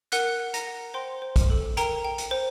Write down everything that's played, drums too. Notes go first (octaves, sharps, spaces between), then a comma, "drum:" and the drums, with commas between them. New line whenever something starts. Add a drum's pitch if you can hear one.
A#4 F#5 F#6, drum: hi-hat
F#5
A#5 A#6, drum: hi-hat
F#5
C5 G5 C6
C5
drum: kick, hi-hat
A4
A#4 G5 A#5, drum: hi-hat
G5
drum: hi-hat
C5